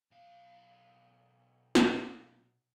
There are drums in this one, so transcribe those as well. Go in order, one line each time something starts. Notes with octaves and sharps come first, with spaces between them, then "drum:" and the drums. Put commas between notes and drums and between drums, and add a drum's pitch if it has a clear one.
B1 F5
drum: snare